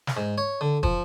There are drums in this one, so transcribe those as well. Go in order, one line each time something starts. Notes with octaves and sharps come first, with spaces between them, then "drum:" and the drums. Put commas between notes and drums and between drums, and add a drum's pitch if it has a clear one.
drum: snare
G#2
C#5
D3
F3, drum: kick